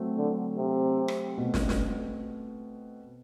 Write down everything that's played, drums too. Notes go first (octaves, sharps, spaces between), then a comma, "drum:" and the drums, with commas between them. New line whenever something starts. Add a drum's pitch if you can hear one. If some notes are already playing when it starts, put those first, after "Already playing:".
Already playing: F#3 A3 C4
D3
C3
drum: rim click
B2 A3 C4
drum: snare
drum: snare